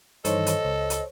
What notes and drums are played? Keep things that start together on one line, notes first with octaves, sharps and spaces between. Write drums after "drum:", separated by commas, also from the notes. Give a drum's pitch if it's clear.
G2 D#3 E3 A4 C5 C#5 D#5, drum: hi-hat
drum: hi-hat
C#2
drum: hi-hat